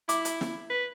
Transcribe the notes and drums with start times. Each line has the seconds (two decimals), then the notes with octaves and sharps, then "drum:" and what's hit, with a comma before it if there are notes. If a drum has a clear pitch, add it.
0.09 E4 D6, drum: hi-hat
0.25 drum: hi-hat
0.41 drum: snare
0.70 B4